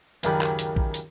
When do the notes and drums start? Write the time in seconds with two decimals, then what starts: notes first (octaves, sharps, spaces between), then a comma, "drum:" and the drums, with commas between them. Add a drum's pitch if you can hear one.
0.23 C#2 F#2 D#3 G3 B5, drum: hi-hat
0.41 drum: clap
0.59 drum: hi-hat
0.76 drum: kick A#1
0.94 drum: hi-hat